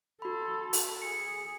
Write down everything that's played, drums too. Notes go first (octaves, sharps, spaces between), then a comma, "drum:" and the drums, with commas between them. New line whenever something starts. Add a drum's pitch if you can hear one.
F#4 A4 B5
drum: open hi-hat
G#4 C#7